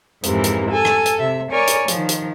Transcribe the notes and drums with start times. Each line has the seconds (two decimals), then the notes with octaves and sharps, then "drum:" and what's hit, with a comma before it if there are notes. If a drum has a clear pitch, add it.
0.23 F2 G#2 C3 E3 A#3, drum: hi-hat
0.44 drum: hi-hat
0.71 A4 G#5
0.85 drum: rim click
1.06 drum: hi-hat
1.19 C3 E5
1.52 A#4 C#5 D5 G#5 C#6
1.67 drum: hi-hat
1.88 D#3 F3, drum: hi-hat
2.09 drum: hi-hat